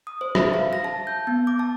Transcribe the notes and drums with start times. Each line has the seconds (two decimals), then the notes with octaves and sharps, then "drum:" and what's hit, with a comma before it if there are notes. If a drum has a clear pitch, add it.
0.07 D#6
0.21 C5
0.35 E5, drum: rim click
0.54 F5
0.73 A#6
0.84 A5
1.07 G6
1.27 B3
1.47 D6
1.59 A5